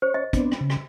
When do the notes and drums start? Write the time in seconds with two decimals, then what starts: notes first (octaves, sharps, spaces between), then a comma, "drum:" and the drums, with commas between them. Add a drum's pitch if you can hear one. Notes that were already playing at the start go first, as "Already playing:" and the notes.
0.02 C5 C#5
0.14 D#5
0.33 B3 C4 D4, drum: kick, hi-hat
0.52 drum: rim click
0.61 C#3
0.70 drum: rim click